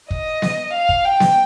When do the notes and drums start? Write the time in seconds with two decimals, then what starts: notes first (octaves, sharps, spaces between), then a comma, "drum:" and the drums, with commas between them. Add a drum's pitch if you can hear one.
0.11 D#5, drum: kick
0.42 drum: snare B3
0.73 F5
0.89 drum: kick
1.05 G5
1.20 drum: snare B3